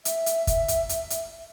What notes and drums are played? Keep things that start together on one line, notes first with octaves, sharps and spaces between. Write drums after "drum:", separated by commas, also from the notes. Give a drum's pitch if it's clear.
E5, drum: hi-hat
drum: hi-hat
drum: kick, hi-hat
drum: hi-hat
drum: hi-hat
drum: hi-hat